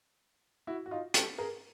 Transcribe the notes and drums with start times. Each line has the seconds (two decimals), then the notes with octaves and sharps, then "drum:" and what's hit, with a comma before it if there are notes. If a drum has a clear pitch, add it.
0.67 E4 F#4
0.86 F#4
0.91 D#4 F4
1.14 G4 A4, drum: hi-hat
1.38 G#4 A#4